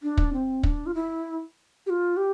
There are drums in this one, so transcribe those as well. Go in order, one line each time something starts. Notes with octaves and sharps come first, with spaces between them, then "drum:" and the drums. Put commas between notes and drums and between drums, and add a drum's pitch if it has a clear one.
D4
drum: kick
C4
D4, drum: kick
F4
E4
G4
F4
G4